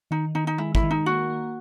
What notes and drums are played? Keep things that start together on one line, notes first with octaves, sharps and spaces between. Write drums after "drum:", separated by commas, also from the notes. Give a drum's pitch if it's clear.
D#3 D#4
D#3 D#4
D#4
G#3 E4
E4, drum: kick
D#3
D#4
A#3 F#4
A#3